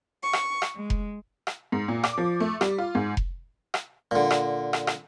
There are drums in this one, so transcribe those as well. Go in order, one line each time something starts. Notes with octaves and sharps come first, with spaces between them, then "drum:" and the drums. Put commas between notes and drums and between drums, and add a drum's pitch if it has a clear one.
C#6
drum: rim click
drum: rim click
G#3
drum: kick F1
drum: rim click
G#2
A#2
D6, drum: rim click
F3
A3
G3, drum: rim click
F4
G#2
drum: kick F1
drum: rim click
A#2 D3
drum: rim click
drum: rim click
drum: rim click